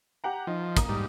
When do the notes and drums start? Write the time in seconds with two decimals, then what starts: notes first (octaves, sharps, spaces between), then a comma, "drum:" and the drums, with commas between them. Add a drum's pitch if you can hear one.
0.24 G4 F#5 A#5
0.47 F3 D#4
0.77 A#3 A#5 D#6, drum: kick, hi-hat
0.89 G#2 G3